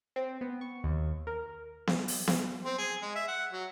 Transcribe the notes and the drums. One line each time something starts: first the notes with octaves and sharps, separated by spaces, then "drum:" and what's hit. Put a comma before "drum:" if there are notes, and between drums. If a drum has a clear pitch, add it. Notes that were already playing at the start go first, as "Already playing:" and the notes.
C4
B3
C#6
D#2
A#4
drum: snare B3
drum: open hi-hat
drum: snare B3
C4
G#4
G#3
E5
F#5
F#3